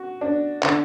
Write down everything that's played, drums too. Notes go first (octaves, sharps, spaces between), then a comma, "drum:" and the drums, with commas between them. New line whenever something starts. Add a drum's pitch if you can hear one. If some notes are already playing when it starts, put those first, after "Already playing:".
Already playing: F#4
D4
D3, drum: clap